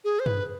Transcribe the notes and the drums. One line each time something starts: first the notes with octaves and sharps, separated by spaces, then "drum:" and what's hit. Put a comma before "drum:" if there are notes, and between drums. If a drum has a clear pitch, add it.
G#4
C5
B4, drum: tom